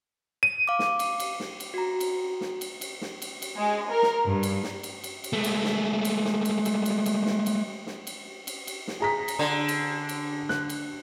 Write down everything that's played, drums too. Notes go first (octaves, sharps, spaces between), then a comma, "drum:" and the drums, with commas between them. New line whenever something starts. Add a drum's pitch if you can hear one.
D#7
F5 D6
drum: snare
drum: cymbal
drum: cymbal
drum: snare
drum: cymbal
F#4 A#5
drum: cymbal
drum: snare
drum: cymbal
drum: cymbal
drum: snare
drum: cymbal
drum: cymbal
G#3
A#4
drum: snare
G2
drum: cymbal
drum: snare
drum: cymbal
drum: cymbal
drum: cymbal
G#3 A3
drum: cymbal
drum: snare
drum: cymbal
drum: snare
drum: cymbal
drum: cymbal
drum: cymbal
drum: cymbal
drum: snare
drum: cymbal
drum: snare
drum: cymbal
drum: cymbal
drum: cymbal
drum: snare
G#4 A#5 B6
drum: cymbal
D3
drum: cymbal
drum: cymbal
F#6, drum: snare
drum: cymbal